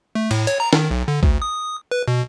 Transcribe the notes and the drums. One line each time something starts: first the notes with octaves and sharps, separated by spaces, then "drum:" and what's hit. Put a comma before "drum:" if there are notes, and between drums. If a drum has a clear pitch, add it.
A3
A2, drum: cymbal
C#5, drum: hi-hat
A#5
D#3, drum: snare
B1
D3
D2, drum: kick A1
D#6
B4
B2